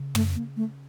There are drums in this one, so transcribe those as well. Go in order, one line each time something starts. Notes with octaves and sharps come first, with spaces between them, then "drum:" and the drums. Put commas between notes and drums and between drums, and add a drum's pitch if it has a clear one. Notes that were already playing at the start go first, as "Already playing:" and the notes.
Already playing: C#3
A3, drum: tom
A#3
A3